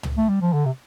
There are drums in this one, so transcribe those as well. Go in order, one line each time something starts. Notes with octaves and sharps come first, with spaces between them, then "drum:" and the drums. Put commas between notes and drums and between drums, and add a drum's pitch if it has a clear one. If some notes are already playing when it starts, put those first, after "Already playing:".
drum: tom
A3
G3
F3
D3
C3